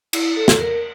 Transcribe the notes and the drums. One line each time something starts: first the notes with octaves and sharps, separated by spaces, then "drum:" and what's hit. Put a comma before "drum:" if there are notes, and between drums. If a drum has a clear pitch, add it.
E4, drum: cymbal
A4
drum: snare
A#4